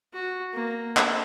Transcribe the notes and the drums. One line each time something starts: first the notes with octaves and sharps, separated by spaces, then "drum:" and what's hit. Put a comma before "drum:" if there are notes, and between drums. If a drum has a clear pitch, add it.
F#4
A#3
drum: clap